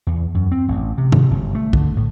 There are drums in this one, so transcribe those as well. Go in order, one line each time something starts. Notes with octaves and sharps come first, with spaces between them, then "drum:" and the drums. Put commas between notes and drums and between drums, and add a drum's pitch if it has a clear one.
E2
F#2
C4
A1
C3
drum: tom G2
G1
A3
D3, drum: kick
A2